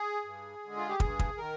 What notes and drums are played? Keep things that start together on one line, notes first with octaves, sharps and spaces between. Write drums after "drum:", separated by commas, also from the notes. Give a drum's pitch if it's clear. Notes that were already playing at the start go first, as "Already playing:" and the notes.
Already playing: G#4
G2
D3 G#3
F4
G4
G2 G#4, drum: kick
drum: kick
D#3 A#4